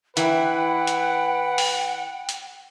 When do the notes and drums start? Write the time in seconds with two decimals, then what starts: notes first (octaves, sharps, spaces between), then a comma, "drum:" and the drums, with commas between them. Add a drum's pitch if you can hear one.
0.17 E3 B4 F#5 G5, drum: hi-hat
0.87 drum: hi-hat
1.58 drum: open hi-hat
2.29 drum: hi-hat